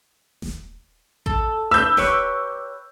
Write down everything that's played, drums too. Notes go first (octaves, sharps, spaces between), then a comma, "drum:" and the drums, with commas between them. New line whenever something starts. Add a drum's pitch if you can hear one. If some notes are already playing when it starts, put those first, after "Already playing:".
drum: snare D#1
A4, drum: kick A1
B4 E6 G6
G4 B4 C#5, drum: snare D#1